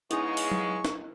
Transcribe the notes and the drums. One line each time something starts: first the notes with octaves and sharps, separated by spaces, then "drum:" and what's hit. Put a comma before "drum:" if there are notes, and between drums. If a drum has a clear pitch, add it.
G#2 C#3 G#3 B3 D#4 E4 G#4 C#6, drum: hi-hat
drum: open hi-hat
drum: tom F#3
drum: snare